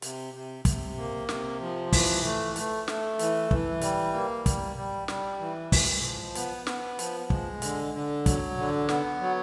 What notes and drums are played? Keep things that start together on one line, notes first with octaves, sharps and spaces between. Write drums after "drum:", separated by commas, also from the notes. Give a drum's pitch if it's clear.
C3, drum: hi-hat
C3
C3, drum: kick, hi-hat
A#3
C3, drum: snare
F3
E3, drum: kick, open hi-hat
A3
A3, drum: hi-hat
A3, drum: snare
E3, drum: hi-hat
E3, drum: kick
G3, drum: hi-hat
A#3
G3, drum: kick, hi-hat
G3
G3, drum: snare
E3
G#3, drum: kick, open hi-hat
F3
B3, drum: hi-hat
B3, drum: snare
F3, drum: hi-hat
G#3, drum: kick
D3, drum: hi-hat
D3
F#3, drum: kick, hi-hat
D3
B3, drum: snare
F#3